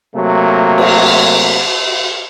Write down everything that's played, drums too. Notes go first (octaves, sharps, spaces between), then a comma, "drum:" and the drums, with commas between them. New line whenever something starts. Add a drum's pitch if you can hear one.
C3 F#3 A3 A#3
drum: cymbal